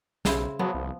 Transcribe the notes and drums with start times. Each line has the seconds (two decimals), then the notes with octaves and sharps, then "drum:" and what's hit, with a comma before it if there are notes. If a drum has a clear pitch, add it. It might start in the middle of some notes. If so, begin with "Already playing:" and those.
0.25 B1 C#3 E4 C5, drum: snare
0.59 F3 F#3 B3
0.74 C2